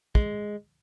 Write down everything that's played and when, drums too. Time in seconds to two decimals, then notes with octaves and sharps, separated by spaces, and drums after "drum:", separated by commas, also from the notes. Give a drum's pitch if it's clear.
0.15 G#3, drum: kick